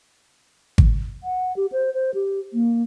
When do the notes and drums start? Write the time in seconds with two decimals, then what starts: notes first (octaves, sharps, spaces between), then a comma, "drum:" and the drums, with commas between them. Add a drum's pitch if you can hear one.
0.78 drum: kick G#1
1.24 F#5
1.56 G4
1.72 C5
1.94 C5
2.14 G4
2.53 A#3